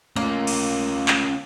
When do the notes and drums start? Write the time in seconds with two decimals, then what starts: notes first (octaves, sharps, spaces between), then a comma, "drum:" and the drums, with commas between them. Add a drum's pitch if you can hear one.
0.16 A3 A#3 C#4 F4
0.47 drum: cymbal
1.08 drum: clap